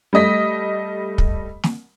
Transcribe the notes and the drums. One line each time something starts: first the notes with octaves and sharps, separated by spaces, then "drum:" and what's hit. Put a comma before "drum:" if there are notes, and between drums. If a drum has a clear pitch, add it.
G3 A3 D#5 B6
drum: kick
drum: snare